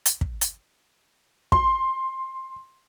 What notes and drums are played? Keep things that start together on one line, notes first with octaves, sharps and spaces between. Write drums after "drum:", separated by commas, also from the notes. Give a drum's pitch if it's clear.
drum: hi-hat
drum: kick
drum: hi-hat
C6, drum: kick